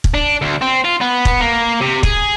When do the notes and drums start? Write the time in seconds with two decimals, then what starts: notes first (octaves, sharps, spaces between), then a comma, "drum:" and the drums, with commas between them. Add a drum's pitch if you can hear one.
0.04 drum: kick
0.14 D4
0.41 D2
0.61 C4
0.84 F4
1.01 B3
1.25 drum: kick
1.40 A#3
1.81 C3
2.03 G#4, drum: kick